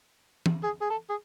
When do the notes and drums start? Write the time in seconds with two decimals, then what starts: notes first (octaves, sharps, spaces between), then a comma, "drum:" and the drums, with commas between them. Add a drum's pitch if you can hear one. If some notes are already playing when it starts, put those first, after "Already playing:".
0.46 drum: tom E3
0.64 G#4
0.81 G#4
0.90 A4
1.09 G#4